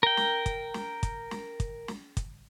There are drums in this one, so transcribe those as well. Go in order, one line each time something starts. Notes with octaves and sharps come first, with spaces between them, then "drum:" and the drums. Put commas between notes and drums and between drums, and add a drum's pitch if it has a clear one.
A#4 G5
drum: snare
drum: kick, hi-hat
drum: snare
drum: kick, hi-hat
drum: snare
drum: kick, hi-hat
drum: snare
drum: kick, hi-hat